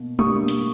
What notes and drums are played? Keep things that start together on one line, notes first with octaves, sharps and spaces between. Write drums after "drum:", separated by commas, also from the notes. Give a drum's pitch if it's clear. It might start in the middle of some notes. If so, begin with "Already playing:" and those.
Already playing: B2 A#3
B2 G3 A#3 D4 C#6 D#6, drum: tom G#3
drum: hi-hat